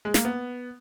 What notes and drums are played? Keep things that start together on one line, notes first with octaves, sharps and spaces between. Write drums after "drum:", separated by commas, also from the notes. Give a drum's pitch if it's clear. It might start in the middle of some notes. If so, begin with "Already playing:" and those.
G#3
A#3, drum: snare
B3